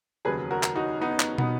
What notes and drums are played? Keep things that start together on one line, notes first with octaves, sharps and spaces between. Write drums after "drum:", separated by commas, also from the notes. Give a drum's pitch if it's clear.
F1 D#2 C#3 F#3 G#4 B4
F#4 A#4
drum: clap
D#4 F#4
B3 D#4
drum: clap
B3 D#4, drum: tom